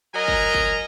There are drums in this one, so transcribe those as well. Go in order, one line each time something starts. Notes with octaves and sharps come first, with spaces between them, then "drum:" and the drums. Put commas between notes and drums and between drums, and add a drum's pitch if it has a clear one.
F#3 A#4 D#5 G#5 A#5
drum: kick
drum: kick